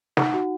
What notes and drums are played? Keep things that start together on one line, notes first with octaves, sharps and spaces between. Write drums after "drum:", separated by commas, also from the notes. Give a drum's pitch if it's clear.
D#4 F#5, drum: snare
F#4